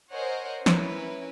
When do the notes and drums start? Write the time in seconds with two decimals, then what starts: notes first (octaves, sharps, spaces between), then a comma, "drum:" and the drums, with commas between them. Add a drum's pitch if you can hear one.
0.12 A#4 C5 C#5 D#5 F#5 G#5
0.66 C#4 E4 A#4 B4, drum: snare